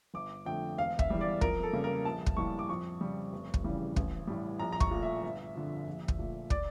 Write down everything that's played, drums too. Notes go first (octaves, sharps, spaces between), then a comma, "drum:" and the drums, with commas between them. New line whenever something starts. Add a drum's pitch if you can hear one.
G1 D6
F2 D3 A3 G5
E1 F5
E5, drum: kick
E2 E3 G3
D5
F2 A#4, drum: kick
A4
C#3 G3 A#3
A#4
A#1 A5
drum: kick
A2 G3 A#3 C#6
D6
F2 C#6
C#3 G3
F1
drum: kick
E2 C#3 E3 G3
A1, drum: kick
A2 G3
A#1 A#5
A#5
C#6, drum: kick
A#2 A3
E5
G1
F2 D3
A#1
drum: kick
A#2 A3
D5, drum: kick